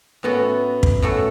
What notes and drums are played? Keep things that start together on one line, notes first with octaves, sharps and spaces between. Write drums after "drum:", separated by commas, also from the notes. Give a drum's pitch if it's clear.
A2 A3 B3 C#4 F#4 A4
drum: kick
A2 A3 C#4 F#4 A4